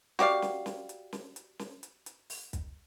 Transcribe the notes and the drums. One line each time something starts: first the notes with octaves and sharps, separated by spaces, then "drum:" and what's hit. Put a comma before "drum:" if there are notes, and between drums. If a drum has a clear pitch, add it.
F#4 G4 D5 F5, drum: snare
drum: snare
drum: snare
drum: hi-hat
drum: snare
drum: hi-hat
drum: snare
drum: hi-hat
drum: hi-hat
drum: open hi-hat
drum: kick, hi-hat